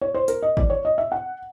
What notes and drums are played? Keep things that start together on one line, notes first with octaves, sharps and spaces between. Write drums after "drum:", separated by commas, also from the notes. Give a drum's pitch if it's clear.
C#5
C5
A#4, drum: hi-hat
D#5
D5, drum: kick G#1
C#5
D#5
E5
F#5